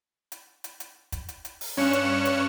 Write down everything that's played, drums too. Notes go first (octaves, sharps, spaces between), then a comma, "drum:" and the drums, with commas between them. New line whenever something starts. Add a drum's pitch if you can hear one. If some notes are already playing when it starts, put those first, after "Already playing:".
drum: hi-hat
drum: hi-hat
drum: hi-hat
drum: kick, hi-hat
drum: hi-hat
drum: hi-hat
drum: open hi-hat
G2 C#4 C#6 F#6 C#7 E7
drum: hi-hat
drum: hi-hat